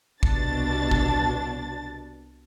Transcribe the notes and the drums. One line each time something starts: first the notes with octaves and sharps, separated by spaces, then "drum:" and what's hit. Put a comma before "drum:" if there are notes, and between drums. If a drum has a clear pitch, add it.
C2 B2 D4 A6, drum: kick G#1
drum: kick G#1